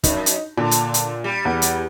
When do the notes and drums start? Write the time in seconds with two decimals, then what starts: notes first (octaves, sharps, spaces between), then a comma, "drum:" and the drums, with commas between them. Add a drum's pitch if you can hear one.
0.04 F#2 D#4, drum: kick, hi-hat
0.26 drum: hi-hat
0.57 A#2 D3
0.71 drum: hi-hat
0.94 drum: hi-hat
1.24 G3
1.45 E2
1.62 drum: hi-hat